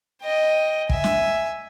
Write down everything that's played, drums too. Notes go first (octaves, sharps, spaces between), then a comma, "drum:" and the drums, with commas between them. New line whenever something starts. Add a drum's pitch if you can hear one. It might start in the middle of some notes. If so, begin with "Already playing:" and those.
D#5 G5
E5 G#5, drum: kick
drum: snare